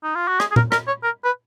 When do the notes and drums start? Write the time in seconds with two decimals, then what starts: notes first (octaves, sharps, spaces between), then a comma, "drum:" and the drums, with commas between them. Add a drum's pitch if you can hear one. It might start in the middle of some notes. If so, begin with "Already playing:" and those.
0.04 D#4
0.16 F4
0.28 F#4
0.40 G#4, drum: rim click
0.52 G#4
0.56 A#4, drum: tom A#2
0.72 A#4, drum: rim click
0.87 C#5
1.04 A#4
1.25 B4